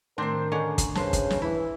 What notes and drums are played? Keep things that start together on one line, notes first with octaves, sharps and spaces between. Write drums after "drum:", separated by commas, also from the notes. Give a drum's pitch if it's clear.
A2 D#3 A3 C4 D4 A#4 C5
D3 C#4 D#5 C#6 F#6
drum: kick, hi-hat
G2 C#3 B4 C5 A5, drum: snare
drum: kick, hi-hat
drum: snare
E3 E4